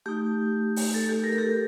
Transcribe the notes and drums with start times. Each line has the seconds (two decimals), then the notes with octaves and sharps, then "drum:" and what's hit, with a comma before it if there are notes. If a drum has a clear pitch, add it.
0.06 A3 D#4 G4
0.76 drum: open hi-hat
0.94 A4
1.09 G4
1.23 G4 A#4
1.33 A4
1.38 G4 A#4